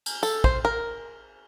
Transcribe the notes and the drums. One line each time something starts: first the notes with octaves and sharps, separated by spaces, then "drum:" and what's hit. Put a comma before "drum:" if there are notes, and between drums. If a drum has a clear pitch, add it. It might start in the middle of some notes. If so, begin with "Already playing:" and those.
drum: cymbal
A4, drum: tambourine
C5, drum: kick
A#4